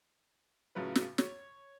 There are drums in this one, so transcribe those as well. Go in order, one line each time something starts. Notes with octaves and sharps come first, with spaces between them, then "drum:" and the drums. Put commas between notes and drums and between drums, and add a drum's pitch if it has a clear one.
A2 C#3 F#3 F4 B4
drum: snare
C#5, drum: snare